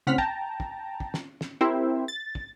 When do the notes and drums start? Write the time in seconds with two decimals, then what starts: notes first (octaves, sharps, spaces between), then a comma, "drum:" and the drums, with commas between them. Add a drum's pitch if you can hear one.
0.07 A2 C#3 C4 F#5 F6 B6
0.18 G5 A5 A#5, drum: kick
0.60 drum: kick
1.00 drum: kick
1.14 drum: snare
1.41 drum: snare
1.61 C4 E4 G4 A#4 C5 E5
2.08 A6
2.35 drum: kick